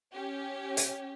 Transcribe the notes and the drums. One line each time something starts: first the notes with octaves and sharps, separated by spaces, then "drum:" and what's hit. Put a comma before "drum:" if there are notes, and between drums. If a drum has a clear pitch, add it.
C#4 G4
drum: hi-hat